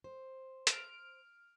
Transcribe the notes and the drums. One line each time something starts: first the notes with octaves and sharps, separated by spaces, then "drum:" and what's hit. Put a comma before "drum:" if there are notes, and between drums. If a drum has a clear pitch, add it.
C5
F6 D7, drum: hi-hat